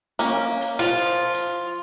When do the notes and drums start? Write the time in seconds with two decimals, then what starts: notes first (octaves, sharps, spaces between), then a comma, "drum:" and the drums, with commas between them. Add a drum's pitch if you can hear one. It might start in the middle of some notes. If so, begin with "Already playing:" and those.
0.19 A#3 C#4
0.61 drum: hi-hat
0.79 F3 F4
0.97 drum: hi-hat
1.33 drum: hi-hat